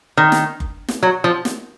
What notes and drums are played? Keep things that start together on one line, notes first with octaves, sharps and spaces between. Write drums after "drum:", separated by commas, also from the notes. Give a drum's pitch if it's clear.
D#3
drum: snare
drum: kick F#1
drum: snare
F#3
F3
drum: snare